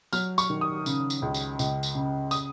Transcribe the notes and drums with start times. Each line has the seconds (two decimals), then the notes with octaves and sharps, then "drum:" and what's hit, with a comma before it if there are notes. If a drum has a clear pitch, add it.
0.13 F#3 F6, drum: tambourine
0.38 C#6, drum: tambourine
0.50 D#3
0.61 D#6
0.86 C#3, drum: tambourine
1.10 drum: tambourine
1.22 C#2
1.34 drum: tambourine
1.59 C#2, drum: tambourine
1.83 drum: tambourine
1.95 C#3
2.31 D#6, drum: tambourine